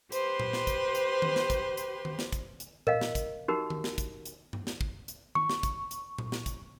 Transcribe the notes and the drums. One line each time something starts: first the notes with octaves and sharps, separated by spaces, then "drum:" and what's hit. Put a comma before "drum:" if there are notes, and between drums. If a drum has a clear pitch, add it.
G4 B4 C5 C6, drum: hi-hat
drum: tom A#2
drum: snare
drum: kick, hi-hat
drum: hi-hat
drum: tom D#3
drum: snare
drum: kick, hi-hat
drum: hi-hat
drum: tom D#3
drum: snare
drum: kick, hi-hat
drum: hi-hat
A#4 D#5 F5, drum: tom A#2
drum: snare
drum: kick, hi-hat
D#4 F#4 G4 A#4
drum: tom D#3
drum: snare
drum: kick, hi-hat
drum: hi-hat
drum: tom G2
drum: snare
drum: kick
drum: hi-hat
C#6, drum: tom D#3
drum: snare
drum: kick, hi-hat
drum: hi-hat
drum: tom A#2
drum: snare
drum: kick, hi-hat